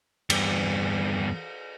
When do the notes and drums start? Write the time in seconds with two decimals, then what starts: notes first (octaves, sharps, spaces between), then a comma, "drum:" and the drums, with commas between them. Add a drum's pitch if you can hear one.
0.30 E2 G2, drum: cymbal